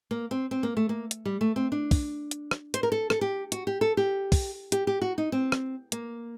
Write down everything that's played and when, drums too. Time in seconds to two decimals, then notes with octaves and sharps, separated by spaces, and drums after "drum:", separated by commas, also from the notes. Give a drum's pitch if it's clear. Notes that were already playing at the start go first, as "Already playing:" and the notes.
0.11 A#3
0.31 C4
0.51 C4
0.63 A#3
0.77 A3
0.89 A#3
1.11 drum: hi-hat
1.25 G3
1.41 A3
1.56 C4
1.72 D4
1.91 drum: kick, open hi-hat
2.31 drum: hi-hat
2.51 drum: rim click
2.74 C5, drum: hi-hat
2.83 A#4
2.92 A4
3.10 A4, drum: rim click
3.21 G4
3.52 F#4, drum: hi-hat
3.67 G4
3.81 A4
3.97 G4
4.32 drum: kick, open hi-hat
4.72 G4, drum: hi-hat
4.87 G4
5.02 F#4
5.18 D#4
5.32 C4
5.52 drum: rim click
5.92 A#3, drum: hi-hat